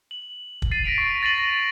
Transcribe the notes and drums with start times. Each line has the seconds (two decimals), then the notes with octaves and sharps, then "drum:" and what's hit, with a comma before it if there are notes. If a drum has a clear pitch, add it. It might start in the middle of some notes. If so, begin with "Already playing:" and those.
0.11 F#7
0.62 drum: kick
0.71 A6 C7 D#7
0.84 A#6 B6 D7 F7
0.98 C#6
1.23 A6 A#6 C7 D#7 F#7
1.38 A#6